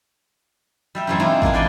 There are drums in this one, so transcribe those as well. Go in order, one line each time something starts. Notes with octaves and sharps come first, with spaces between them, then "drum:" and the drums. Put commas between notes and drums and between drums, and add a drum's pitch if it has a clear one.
G3 E5 G5
F#2 A2 E3 G3 G#3 C4
E3 G#3 C4 D4 D#4 F4
A#3 F4 A#4 G#5, drum: kick
B4 D5 G5 G#5